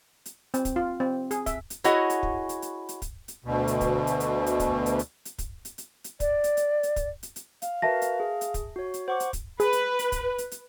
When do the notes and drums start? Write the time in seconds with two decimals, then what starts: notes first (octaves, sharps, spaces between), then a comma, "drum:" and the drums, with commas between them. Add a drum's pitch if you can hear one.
0.26 drum: hi-hat
0.54 C4, drum: hi-hat
0.65 drum: kick, hi-hat
0.76 F4
1.00 C4
1.31 G#4, drum: hi-hat
1.46 E5, drum: kick, hi-hat
1.70 drum: hi-hat
1.84 E4 F#4 G#4 C#5 D#5 F#5, drum: hi-hat
2.10 drum: hi-hat
2.23 drum: kick
2.49 drum: hi-hat
2.62 drum: hi-hat
2.89 drum: hi-hat
3.02 drum: kick, hi-hat
3.28 drum: hi-hat
3.45 D2 B2
3.68 drum: hi-hat
3.81 drum: kick, hi-hat
4.07 drum: hi-hat
4.20 drum: hi-hat
4.46 drum: hi-hat
4.60 drum: kick, hi-hat
4.86 drum: hi-hat
4.99 drum: hi-hat
5.25 drum: hi-hat
5.39 drum: kick, hi-hat
5.65 drum: hi-hat
5.78 drum: hi-hat
6.04 drum: hi-hat
6.20 D5, drum: kick, hi-hat
6.44 drum: hi-hat
6.57 drum: hi-hat
6.83 drum: hi-hat
6.96 drum: kick, hi-hat
7.23 drum: hi-hat
7.36 drum: hi-hat
7.62 F5, drum: hi-hat
7.82 F#4 A#4 B4 E5 A5 A#6
8.02 drum: hi-hat
8.20 G#4
8.41 drum: hi-hat
8.54 drum: kick, hi-hat
8.76 F#4 C#5
8.94 drum: hi-hat
9.08 C5 F#5 C#6 D6
9.20 drum: hi-hat
9.33 drum: kick, hi-hat
9.60 G#4 B4, drum: hi-hat
9.73 drum: hi-hat
9.99 drum: hi-hat
10.12 drum: kick, hi-hat
10.38 drum: hi-hat
10.52 drum: hi-hat